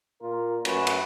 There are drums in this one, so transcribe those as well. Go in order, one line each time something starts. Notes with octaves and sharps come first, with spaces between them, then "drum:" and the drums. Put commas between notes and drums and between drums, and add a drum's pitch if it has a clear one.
A#2 F4 A#4
F#2 A3 C#4 F#4 B4, drum: cymbal
drum: cymbal